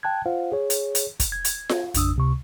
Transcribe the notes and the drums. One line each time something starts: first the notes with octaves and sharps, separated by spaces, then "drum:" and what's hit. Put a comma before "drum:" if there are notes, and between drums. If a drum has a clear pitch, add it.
G5 A5 F#6 G#6
F4 C5 F5 F#5
G#4 C#5
drum: hi-hat
drum: hi-hat
drum: kick, hi-hat
G#6
drum: hi-hat
drum: snare F4
A1 F2 C#3 D4 D#6 E6, drum: hi-hat
C#2 C3 C#6